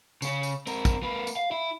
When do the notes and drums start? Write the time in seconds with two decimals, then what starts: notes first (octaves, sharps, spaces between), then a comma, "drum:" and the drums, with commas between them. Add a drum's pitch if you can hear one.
0.22 C#3 C#4, drum: tambourine
0.43 drum: tambourine
0.67 C4 A#4, drum: tambourine
0.85 drum: kick, tambourine
1.03 A#3 B4
1.27 drum: tambourine
1.37 F5
1.51 E4